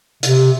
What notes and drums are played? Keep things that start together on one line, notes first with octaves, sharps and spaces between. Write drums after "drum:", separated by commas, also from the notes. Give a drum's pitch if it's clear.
C3, drum: hi-hat